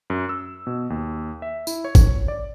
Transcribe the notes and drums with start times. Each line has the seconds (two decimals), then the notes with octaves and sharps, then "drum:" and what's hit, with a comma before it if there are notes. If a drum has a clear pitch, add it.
0.10 F#2
0.29 E6
0.67 B2
0.90 D#2
1.42 E5
1.67 E4, drum: tambourine
1.85 C#5
1.95 drum: kick, tambourine
2.28 D5